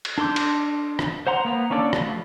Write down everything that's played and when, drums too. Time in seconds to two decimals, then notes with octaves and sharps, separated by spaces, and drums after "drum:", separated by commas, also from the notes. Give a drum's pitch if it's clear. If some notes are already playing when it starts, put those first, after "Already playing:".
0.05 drum: cymbal
0.18 D4 A4 C6 D6 G6
0.36 drum: cymbal
0.99 drum: rim click
1.27 C5 F#5 A#5 C6
1.45 A#3 B3 A#5
1.70 A#3 C#4 D4 A4 D5
1.93 F3 F#3 A3 F4 B5, drum: rim click